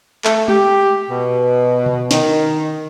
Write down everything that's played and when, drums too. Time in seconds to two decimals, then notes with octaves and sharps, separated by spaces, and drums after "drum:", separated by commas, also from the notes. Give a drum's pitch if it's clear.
0.24 A3, drum: clap
0.48 G4, drum: tom G#3
1.09 B2
1.86 drum: tom B2
2.11 D#3, drum: snare